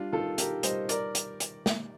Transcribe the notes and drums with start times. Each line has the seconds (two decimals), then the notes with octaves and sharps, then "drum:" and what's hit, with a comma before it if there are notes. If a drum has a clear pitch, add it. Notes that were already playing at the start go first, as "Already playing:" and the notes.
Already playing: G3 D4 F4
0.12 D#3 F4 A4
0.38 D#3 G4 A#4, drum: hi-hat
0.63 G3 C5 D#5, drum: hi-hat
0.89 A#4 D5, drum: hi-hat
1.15 drum: hi-hat
1.40 drum: hi-hat
1.66 drum: snare